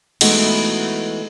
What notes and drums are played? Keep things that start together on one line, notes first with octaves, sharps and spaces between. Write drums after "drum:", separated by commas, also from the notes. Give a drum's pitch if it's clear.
E3 G#3 A3 B3 D#4 F#4, drum: cymbal